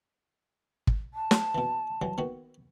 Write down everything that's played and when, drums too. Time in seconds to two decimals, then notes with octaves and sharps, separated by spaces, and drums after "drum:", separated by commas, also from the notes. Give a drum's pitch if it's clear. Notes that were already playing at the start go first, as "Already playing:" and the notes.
0.87 drum: kick
1.14 A5
1.31 drum: snare
1.55 B2 E3
2.02 E3 F#3 G3
2.18 D#3 B3 F#4